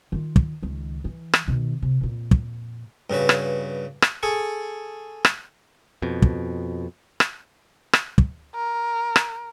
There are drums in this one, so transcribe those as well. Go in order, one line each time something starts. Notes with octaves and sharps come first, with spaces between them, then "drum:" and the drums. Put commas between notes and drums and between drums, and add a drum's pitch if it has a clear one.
D#3 F4
drum: kick
C#2 D#3
E3
drum: rim click
B2 D#3
C3
F2 A#2
drum: kick
G2 C#3 F#4 B4
drum: rim click
drum: rim click
G#4 A4 G#5 C#6
drum: rim click
F2 B2
drum: kick
drum: rim click
drum: rim click
drum: kick
A#4
drum: rim click